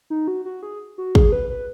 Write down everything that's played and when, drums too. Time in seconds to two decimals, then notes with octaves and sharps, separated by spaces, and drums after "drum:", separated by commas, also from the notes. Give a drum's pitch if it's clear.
0.10 D#4
0.28 F#4
0.45 F#4
0.63 G#4
0.98 F#4
1.15 G#4, drum: kick
1.32 B4
1.50 B4